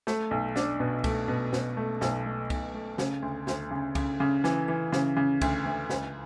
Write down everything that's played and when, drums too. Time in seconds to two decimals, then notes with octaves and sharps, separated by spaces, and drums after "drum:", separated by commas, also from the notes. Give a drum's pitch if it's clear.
0.07 A3, drum: snare
0.31 B1
0.56 D4, drum: snare
0.80 B2
1.04 A3, drum: kick C2, cymbal
1.28 B2
1.53 B2, drum: snare
1.77 A3
2.01 B1, drum: snare
2.26 A3
2.50 B1, drum: kick C2, cymbal
2.74 A3
2.98 C#3, drum: snare
3.22 D2
3.47 D2, drum: snare
3.71 C#3
3.95 C#3, drum: kick C2, cymbal
4.20 C#3
4.44 E3, drum: snare
4.68 E3
4.92 C#3, drum: snare
5.17 C#3
5.41 D2, drum: kick C2, cymbal
5.66 D2
5.90 C#2, drum: snare